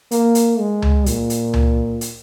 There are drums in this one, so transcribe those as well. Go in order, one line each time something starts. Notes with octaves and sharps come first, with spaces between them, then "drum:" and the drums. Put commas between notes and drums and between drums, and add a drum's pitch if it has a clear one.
A#3, drum: hi-hat
drum: hi-hat
G#3
drum: tom C#2
A#2, drum: hi-hat
drum: hi-hat
drum: tom C#2
drum: hi-hat